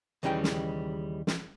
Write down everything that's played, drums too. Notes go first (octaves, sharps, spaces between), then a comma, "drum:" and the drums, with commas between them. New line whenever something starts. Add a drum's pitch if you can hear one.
D#2 C#3 E3 G3 D#4 G5
drum: snare
drum: snare